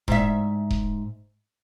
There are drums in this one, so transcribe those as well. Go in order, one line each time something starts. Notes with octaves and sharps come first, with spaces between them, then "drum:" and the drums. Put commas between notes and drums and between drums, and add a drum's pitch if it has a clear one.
G#2 E5, drum: kick D#1
drum: kick D#1